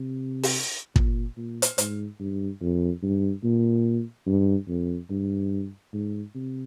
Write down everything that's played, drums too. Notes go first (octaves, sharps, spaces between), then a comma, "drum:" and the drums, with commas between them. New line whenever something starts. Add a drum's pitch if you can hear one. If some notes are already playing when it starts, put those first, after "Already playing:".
Already playing: C3
drum: open hi-hat
A#2, drum: kick
A#2
drum: hi-hat
G#2, drum: hi-hat
G2
F2
G2
A#2
G2
F2
G2
G#2
C3